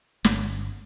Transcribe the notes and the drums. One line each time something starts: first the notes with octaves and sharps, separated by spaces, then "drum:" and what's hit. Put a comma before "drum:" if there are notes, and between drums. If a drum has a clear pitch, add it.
G1, drum: snare